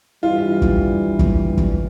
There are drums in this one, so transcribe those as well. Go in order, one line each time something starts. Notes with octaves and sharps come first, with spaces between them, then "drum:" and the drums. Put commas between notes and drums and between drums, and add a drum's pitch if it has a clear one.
G2 E3 G3 F4
drum: kick
drum: kick
drum: kick